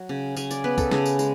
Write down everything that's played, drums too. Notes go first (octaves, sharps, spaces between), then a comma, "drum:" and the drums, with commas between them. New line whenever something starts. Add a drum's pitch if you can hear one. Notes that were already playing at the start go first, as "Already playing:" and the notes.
Already playing: F#3
C#3
C#3 G#5, drum: tambourine
D5, drum: tambourine
B3 B4
A4, drum: kick, tambourine
C#3 G#4, drum: snare
drum: tambourine
G#3, drum: tambourine